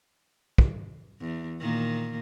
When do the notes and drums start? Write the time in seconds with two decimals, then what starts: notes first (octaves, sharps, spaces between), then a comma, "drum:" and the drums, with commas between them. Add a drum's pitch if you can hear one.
0.58 drum: kick
1.21 E2
1.60 A#2 D#3 A#3